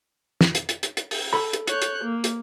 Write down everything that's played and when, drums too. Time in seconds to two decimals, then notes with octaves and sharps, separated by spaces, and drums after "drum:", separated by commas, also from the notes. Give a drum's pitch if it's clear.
0.41 drum: snare
0.55 drum: hi-hat
0.69 drum: hi-hat
0.83 drum: hi-hat
0.97 drum: hi-hat
1.11 drum: open hi-hat
1.33 A4 B5
1.53 drum: hi-hat
1.67 C#5 F#6 G6, drum: hi-hat
1.82 drum: hi-hat
2.04 A#3
2.24 drum: hi-hat